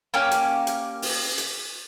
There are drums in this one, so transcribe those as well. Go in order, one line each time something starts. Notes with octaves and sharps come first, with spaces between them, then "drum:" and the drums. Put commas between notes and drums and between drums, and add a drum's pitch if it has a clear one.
A#3 C#4 G4
drum: hi-hat
drum: hi-hat
drum: open hi-hat
drum: hi-hat